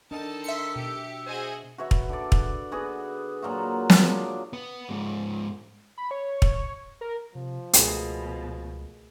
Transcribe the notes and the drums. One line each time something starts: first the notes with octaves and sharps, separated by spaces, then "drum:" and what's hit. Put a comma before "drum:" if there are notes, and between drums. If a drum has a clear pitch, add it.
D#3 D4 D#4 A4 A5
E5 C6 B6 C#7
B2 G4
F#4 G#4 C5 D#5 G#5
F#4 B4 C#5 E5
drum: kick
D3 D5
drum: kick
B3 F#4 G#4 B4
A#2 F#3 F4 F#4
drum: snare
D4
B3
G#2 F3
B5
C#5
drum: kick
A#4
C3 F3
C#2 B2 A3 G#4 A#4, drum: hi-hat